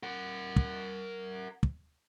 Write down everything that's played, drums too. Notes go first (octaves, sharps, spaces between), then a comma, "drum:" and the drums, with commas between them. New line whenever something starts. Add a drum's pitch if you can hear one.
A#4 F#5
drum: kick
drum: kick